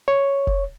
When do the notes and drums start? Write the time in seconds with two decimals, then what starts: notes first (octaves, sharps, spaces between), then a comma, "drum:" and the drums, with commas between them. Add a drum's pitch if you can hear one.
0.08 C#5
0.47 drum: kick